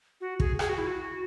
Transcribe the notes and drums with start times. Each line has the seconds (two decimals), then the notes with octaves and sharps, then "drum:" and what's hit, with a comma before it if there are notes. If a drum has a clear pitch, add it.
0.21 F#4
0.40 G#4, drum: kick
0.59 G#4, drum: rim click
0.69 F#4
0.78 E4
0.87 F#4